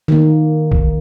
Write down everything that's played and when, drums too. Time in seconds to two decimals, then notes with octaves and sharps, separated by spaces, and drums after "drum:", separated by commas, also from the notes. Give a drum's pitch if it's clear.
0.08 D#3 A#3
0.72 drum: kick A#1